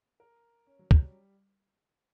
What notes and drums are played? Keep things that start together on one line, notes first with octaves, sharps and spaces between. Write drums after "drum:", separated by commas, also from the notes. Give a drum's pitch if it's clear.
A#4
C#4
F#3
F#3, drum: kick
G3